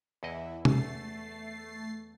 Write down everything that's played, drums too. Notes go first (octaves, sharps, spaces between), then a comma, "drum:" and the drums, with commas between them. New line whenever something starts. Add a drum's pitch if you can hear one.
E2 E3 E4 D#5
A3 A6 C7, drum: tom C3